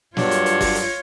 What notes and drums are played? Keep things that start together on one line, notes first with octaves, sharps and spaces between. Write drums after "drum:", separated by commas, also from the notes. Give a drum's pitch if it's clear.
G2 F#3 D4 F4 C#5, drum: snare
drum: hi-hat
drum: hi-hat
drum: kick F#1, open hi-hat
drum: hi-hat